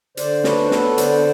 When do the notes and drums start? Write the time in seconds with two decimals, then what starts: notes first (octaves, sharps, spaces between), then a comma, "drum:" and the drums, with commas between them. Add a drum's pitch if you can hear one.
0.17 D3 C5 D5, drum: hi-hat
0.44 D4 B4 C#5, drum: snare
0.65 C5
0.71 B3 A4 B4, drum: snare
0.98 D3 C5 D5, drum: hi-hat